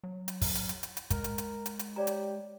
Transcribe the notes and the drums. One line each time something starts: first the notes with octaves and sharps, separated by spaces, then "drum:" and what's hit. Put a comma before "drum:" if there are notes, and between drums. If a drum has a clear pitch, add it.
F#3
drum: hi-hat
drum: kick, open hi-hat
drum: hi-hat
drum: hi-hat
drum: hi-hat
drum: hi-hat
G#3 A#4, drum: kick, hi-hat
drum: hi-hat
drum: hi-hat
drum: hi-hat
drum: hi-hat
G4 C#5 D5 A#5
drum: hi-hat